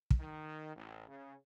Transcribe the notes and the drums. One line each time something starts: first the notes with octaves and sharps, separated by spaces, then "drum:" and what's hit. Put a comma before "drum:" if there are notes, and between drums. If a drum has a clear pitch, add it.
drum: kick
D#3
A1
C#3